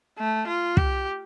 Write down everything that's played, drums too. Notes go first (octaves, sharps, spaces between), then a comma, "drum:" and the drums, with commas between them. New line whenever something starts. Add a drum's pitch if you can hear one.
A3
F4
G4, drum: kick